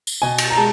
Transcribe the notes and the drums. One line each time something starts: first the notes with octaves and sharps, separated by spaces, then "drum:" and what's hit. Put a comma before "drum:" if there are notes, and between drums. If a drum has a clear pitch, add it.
drum: tambourine
B2 G#5
drum: cymbal
A#5
G#3 A5